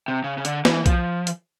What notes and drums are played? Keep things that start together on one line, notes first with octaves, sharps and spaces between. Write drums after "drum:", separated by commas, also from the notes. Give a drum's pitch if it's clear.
C3
C#3
C#3
D3, drum: hi-hat
E3, drum: snare
F3, drum: kick B1, hi-hat
drum: hi-hat